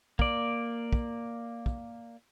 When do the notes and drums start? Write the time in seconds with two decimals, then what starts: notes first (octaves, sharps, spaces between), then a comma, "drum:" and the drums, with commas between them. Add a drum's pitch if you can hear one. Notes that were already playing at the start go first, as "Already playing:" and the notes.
0.19 A#3 D5, drum: kick
0.93 drum: kick
1.66 drum: kick